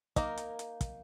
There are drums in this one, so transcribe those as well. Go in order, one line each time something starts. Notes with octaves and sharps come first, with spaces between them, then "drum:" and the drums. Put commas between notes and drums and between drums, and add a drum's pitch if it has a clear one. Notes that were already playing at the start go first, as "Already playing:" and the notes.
A#3 D#4 A#4, drum: kick, hi-hat
drum: hi-hat
drum: hi-hat
drum: kick, hi-hat